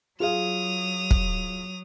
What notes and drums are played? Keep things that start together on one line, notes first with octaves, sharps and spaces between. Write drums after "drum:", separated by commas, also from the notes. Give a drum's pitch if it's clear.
F#3 F4 G#4 F5 D#6 F7
drum: kick